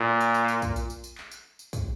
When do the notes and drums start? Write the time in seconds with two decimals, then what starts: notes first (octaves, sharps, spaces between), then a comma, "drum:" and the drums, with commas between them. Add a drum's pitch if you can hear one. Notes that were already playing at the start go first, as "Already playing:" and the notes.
Already playing: A#2
0.21 drum: tambourine
0.34 drum: tambourine
0.48 drum: tambourine
0.62 drum: kick, tambourine
0.76 drum: tambourine
0.90 drum: tambourine
1.04 drum: tambourine
1.18 drum: clap
1.31 drum: tambourine
1.59 drum: tambourine
1.73 drum: kick, tambourine